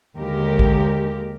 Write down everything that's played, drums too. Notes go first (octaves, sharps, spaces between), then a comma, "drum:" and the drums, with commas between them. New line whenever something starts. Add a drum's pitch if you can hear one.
D#2 D3 G#3 G4 A#4
drum: kick A#1